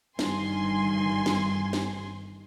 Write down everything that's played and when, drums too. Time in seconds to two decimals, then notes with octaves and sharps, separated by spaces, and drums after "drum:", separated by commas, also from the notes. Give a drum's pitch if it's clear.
0.19 G1 G2 D#3 G#5 C6, drum: snare
1.26 drum: snare
1.73 drum: snare